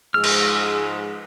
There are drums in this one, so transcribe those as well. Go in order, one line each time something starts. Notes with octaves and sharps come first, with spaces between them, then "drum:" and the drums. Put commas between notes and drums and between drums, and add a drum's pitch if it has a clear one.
G#2 F3 G#3 G#4 E6 F6
drum: cymbal